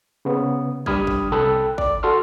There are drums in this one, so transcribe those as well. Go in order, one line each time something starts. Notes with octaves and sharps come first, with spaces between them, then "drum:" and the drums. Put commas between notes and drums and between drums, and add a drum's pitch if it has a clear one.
C#3 B3
G3 D4 B5 D#6 F6 G#6, drum: kick
drum: kick
C2 A4 G5 B5 E6 F#6
D5, drum: kick
F#4 A4 C6 F6